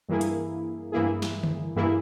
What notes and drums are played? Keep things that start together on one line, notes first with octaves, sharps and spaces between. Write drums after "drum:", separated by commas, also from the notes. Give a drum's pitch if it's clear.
G2 E3 A#3 E4 G#4
drum: hi-hat
G2 E3 A#3 E4 G#4
drum: snare
drum: tom D3
G2 E3 A#3 E4 G#4